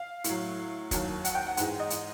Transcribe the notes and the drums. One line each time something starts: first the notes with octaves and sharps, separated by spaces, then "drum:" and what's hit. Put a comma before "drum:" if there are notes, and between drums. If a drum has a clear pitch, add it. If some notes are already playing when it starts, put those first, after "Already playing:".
Already playing: F5
A2 F#3, drum: hi-hat
D#2 D#3 F#3, drum: kick, hi-hat
F#5, drum: hi-hat
G5
F#5
G#2 E3 G#3, drum: hi-hat
D#5
drum: hi-hat